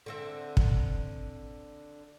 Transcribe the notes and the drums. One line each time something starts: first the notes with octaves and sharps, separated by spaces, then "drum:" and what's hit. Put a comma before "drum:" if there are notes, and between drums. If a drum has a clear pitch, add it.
D3 C4 E5
drum: kick